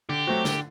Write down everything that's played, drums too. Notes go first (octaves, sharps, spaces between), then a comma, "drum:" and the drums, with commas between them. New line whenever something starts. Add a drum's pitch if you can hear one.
D3 G4
F#3 A3 C4 F#4
D3, drum: snare